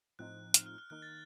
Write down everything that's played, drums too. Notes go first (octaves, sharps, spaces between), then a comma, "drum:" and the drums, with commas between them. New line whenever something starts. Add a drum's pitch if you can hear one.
A2 F3 C4 D#4 F#6
F6, drum: hi-hat
F6
F6
D#3 A#3 D#4 F#6
A6